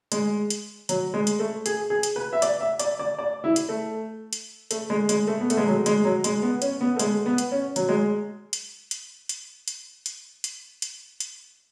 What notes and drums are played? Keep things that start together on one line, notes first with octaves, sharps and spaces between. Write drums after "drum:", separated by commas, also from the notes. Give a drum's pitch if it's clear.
G#3, drum: hi-hat
drum: hi-hat
F#3, drum: hi-hat
G#3
drum: hi-hat
A3
G#4, drum: hi-hat
G#4
drum: hi-hat
B4
E5
D5, drum: hi-hat
E5
D5, drum: hi-hat
D5
D5
E4
drum: hi-hat
A3
drum: hi-hat
A3, drum: hi-hat
G#3
G#3, drum: hi-hat
A3
B3
A3, drum: hi-hat
G#3
F#3
G#3, drum: hi-hat
F#3
G#3, drum: hi-hat
B3
C#4, drum: hi-hat
B3
A3
G#3, drum: hi-hat
B3
drum: hi-hat
C#4
F#3, drum: hi-hat
G#3
drum: hi-hat
drum: hi-hat
drum: hi-hat
drum: hi-hat
drum: hi-hat
drum: hi-hat
drum: hi-hat
drum: hi-hat